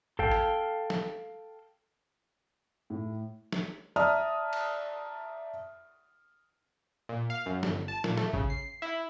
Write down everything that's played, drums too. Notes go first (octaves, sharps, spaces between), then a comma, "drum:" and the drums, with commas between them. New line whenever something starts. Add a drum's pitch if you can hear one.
A4 F5 G5, drum: kick G#1
drum: rim click
drum: snare
A2
drum: snare
D5 E5 A5 A#5 D#6 F6
drum: cymbal
A#2
F5
F#2
G1, drum: snare
A5
A#2, drum: snare
A3, drum: snare
C#3, drum: kick G#1
C7
E4